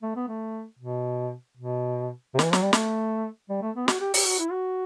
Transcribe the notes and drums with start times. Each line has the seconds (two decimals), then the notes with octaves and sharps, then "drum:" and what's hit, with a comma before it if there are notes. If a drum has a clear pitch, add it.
0.03 A3
0.16 B3
0.28 A3
0.79 B2
1.57 B2
2.34 C3
2.39 D#3, drum: snare
2.43 E3
2.53 F#3, drum: snare
2.62 G3
2.73 A3, drum: snare
3.49 G3
3.62 A3
3.76 B3
3.88 F#4, drum: snare
4.00 G4
4.14 G4, drum: open hi-hat
4.26 F#4
4.39 E4
4.51 F#4